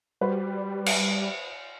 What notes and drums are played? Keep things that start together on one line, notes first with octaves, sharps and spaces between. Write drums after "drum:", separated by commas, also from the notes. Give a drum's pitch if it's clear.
G3 F#4 B4 C5
drum: cymbal